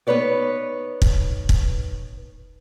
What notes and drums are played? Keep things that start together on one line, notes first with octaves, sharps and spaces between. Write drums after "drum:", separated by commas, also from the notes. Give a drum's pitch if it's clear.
B3 D#4 B4 C#5 D5
drum: kick
drum: kick